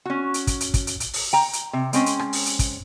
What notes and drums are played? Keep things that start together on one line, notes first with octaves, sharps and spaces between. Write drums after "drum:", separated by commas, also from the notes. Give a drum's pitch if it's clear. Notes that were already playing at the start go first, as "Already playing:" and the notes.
C#4 F#4
drum: hi-hat
drum: kick, hi-hat
drum: hi-hat
drum: kick, hi-hat
drum: hi-hat
drum: hi-hat
drum: open hi-hat
G5 A#5
drum: hi-hat
C3
G#3 C4 C#4, drum: hi-hat
drum: hi-hat
drum: rim click
drum: open hi-hat
drum: hi-hat
drum: kick, hi-hat